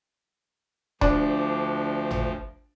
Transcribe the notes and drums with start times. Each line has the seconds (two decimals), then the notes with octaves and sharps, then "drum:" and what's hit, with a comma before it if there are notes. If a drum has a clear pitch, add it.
1.01 D2 F3 D4, drum: kick D#1
2.11 drum: tom G#1